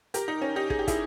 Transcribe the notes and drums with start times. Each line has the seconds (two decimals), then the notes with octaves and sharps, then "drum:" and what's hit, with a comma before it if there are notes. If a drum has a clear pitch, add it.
0.14 G4 A#4, drum: hi-hat
0.28 D#4
0.42 C#4
0.56 D#4 G4
0.70 G#4, drum: kick
0.79 G4
0.88 E4 G#4, drum: kick, hi-hat